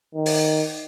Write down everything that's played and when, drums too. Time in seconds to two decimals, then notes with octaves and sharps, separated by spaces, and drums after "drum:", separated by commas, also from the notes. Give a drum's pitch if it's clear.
0.15 D#3
0.26 drum: open hi-hat